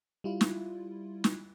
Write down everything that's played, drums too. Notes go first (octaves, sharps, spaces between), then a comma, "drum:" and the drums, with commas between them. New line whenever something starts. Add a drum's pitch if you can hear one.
G3 E4 F4
drum: snare
drum: snare